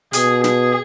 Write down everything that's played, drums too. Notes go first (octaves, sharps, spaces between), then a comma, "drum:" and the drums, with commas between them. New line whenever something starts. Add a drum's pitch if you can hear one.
B2 G#4, drum: hi-hat
G#4, drum: snare